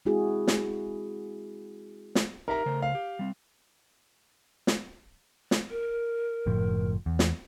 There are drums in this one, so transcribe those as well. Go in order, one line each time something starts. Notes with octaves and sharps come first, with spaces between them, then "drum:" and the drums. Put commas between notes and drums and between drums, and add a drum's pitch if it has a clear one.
G#3 C4 E4 F#4 G#4
drum: snare
drum: snare
D#4 G4 A#4 E5 A#5
C#3 A3 C5
F5
G4
G3 C4
drum: snare
drum: snare
A#4
F#1 A2 F3
E2
drum: snare